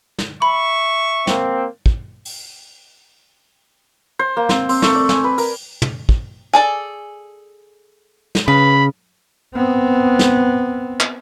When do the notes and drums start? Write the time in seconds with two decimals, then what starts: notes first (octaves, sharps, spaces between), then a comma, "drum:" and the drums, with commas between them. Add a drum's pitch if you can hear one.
0.18 drum: snare
0.42 E5 B5 C#6
1.27 A#3 C4, drum: snare
1.86 drum: kick
2.25 drum: open hi-hat
4.19 C5
4.37 A#3
4.49 C4, drum: snare
4.69 C4, drum: open hi-hat
4.82 A3, drum: snare
4.95 D5
5.09 G#5, drum: snare
5.24 B4
5.38 A#4, drum: open hi-hat
5.82 drum: tom
6.09 drum: kick
6.53 G#4 A4 D5
8.35 drum: snare
8.48 C#3 B4 B5
9.55 B3 C4
10.19 drum: snare
11.00 drum: clap